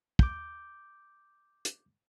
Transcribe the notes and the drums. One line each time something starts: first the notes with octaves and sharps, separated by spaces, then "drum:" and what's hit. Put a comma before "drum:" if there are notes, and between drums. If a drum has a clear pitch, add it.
D6 G6, drum: kick
drum: hi-hat